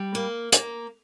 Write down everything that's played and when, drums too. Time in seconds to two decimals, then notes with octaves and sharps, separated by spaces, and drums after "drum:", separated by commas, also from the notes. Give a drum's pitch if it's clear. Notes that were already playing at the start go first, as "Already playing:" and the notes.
Already playing: G3
0.15 A#3
0.52 A#3, drum: hi-hat